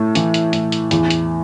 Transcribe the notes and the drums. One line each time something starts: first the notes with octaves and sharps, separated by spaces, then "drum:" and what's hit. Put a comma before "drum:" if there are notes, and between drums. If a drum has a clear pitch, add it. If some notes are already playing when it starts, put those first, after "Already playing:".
Already playing: A2 A3
E3, drum: hi-hat
drum: hi-hat
A2, drum: hi-hat
drum: hi-hat
E2, drum: hi-hat
drum: hi-hat